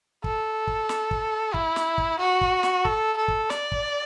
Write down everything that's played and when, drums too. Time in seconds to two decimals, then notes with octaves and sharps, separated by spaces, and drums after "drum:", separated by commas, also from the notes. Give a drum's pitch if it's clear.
0.24 A4, drum: kick
0.67 drum: kick
0.89 drum: snare
1.11 drum: kick
1.54 E4, drum: kick
1.76 drum: snare
1.98 drum: kick
2.19 F#4
2.41 drum: kick
2.63 drum: snare
2.85 A4, drum: kick
3.17 A4
3.28 drum: kick
3.50 D5, drum: snare
3.72 drum: kick